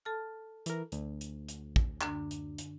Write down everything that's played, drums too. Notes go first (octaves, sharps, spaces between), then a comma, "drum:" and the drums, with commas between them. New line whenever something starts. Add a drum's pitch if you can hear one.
A4 A5 F6
E3 A#4, drum: hi-hat
D2, drum: hi-hat
drum: hi-hat
drum: hi-hat
drum: kick
F#2 D3 D4, drum: clap
drum: hi-hat
drum: hi-hat